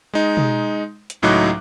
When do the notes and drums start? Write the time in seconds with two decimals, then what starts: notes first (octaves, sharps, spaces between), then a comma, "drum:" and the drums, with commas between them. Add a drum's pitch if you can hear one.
0.14 G#3 D#4
0.37 drum: tom B2
1.10 drum: hi-hat
1.22 C#2 A2 F#3 D#4 D6 F#6